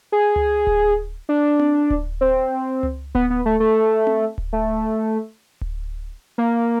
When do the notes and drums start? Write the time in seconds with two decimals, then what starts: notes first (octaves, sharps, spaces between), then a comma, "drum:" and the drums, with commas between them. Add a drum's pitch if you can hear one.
0.12 G#4
0.36 drum: tom C#2
0.67 drum: kick D1
1.29 D4
1.60 drum: tom C4
1.90 drum: kick D1
2.21 C4
2.83 drum: tom C#2
3.15 B3, drum: kick D1
3.30 B3
3.46 A3
3.60 A3
4.07 drum: tom C4
4.38 drum: kick D1
4.53 A3
5.61 drum: kick D1
6.38 A#3